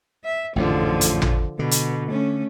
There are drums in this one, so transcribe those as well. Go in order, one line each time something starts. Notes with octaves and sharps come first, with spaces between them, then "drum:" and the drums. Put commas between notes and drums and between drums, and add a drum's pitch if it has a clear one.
E5
A1 F2 G#2 D3 F3
drum: hi-hat
drum: tom
B2 D3
drum: hi-hat
A3 C#4